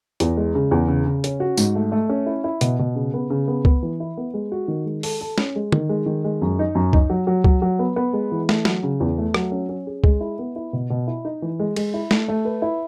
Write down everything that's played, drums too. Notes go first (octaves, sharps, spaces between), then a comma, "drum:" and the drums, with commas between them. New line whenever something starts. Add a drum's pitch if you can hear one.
E2, drum: hi-hat
G#3
C#3
E2
C#3
C#3
C#4, drum: hi-hat
F#4
G#2, drum: tambourine
A3
A3
C#4
E4
E4
B2, drum: hi-hat
B2
C#3
B3
C#3
B3
B3, drum: kick C#2
E3
E4
B3
G#3
F#4
D#3
G#3
A4, drum: open hi-hat
A4
C#4, drum: snare
G#3
D#3, drum: tom
G#3
D#3
G#3
F#2
D#4
F#2
D#4, drum: kick C#2
F#3
F#3
F#3, drum: kick C#2
F#3
B3
B3
G#3
E3
A3, drum: snare
F#3, drum: snare
C#3
E2
A3
F#3, drum: rim click
C#4
C#4
G#4
G#3, drum: kick C#2
E4
B3
E4
B2
B2
E4
D#4
E3
G#3
G#3, drum: cymbal
E4
A3, drum: snare
A3
B4
E4